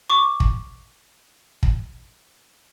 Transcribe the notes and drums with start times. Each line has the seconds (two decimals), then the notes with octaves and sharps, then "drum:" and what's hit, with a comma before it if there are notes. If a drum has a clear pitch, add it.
0.10 C#6 D6
0.40 drum: kick
1.63 drum: kick